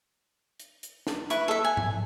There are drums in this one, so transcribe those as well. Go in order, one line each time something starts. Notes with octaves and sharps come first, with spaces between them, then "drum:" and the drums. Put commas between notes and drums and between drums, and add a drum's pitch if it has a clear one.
drum: hi-hat
drum: hi-hat
drum: snare
E4 B4 C#6, drum: hi-hat
A4 E5
G#5
drum: tom G#2